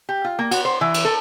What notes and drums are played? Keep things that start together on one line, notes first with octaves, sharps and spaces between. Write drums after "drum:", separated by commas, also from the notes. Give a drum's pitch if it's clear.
G4
F4
A#3
F#4, drum: cymbal
C5
E3
drum: cymbal
A4